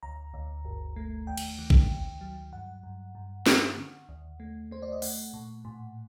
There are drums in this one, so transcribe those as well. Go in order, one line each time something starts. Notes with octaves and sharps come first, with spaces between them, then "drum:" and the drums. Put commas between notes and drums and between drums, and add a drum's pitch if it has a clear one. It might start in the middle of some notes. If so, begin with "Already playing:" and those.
D2 A#5
D2
G1
A3
D#2 G5
drum: cymbal
D#3
drum: kick A1
D2
F#3
G2 F#5
G2
G2
D3, drum: snare
D3
D#2
A3
A3 C5
D5
D#5
A3 F#5, drum: open hi-hat
A#2
A2